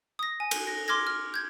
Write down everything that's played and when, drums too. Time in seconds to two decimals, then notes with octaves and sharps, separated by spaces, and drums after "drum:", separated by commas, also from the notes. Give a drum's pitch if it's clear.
0.19 D#6 A#6
0.40 G#5
0.51 drum: cymbal
0.67 A#6
0.88 C6 D6 F6 G#6 A#6
1.07 F6
1.34 G6 G#6